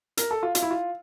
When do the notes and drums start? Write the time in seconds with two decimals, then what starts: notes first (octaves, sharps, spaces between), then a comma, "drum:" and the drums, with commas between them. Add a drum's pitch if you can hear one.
0.17 A#4, drum: hi-hat
0.31 A4
0.43 F4
0.55 F4, drum: hi-hat
0.62 E4
0.71 F4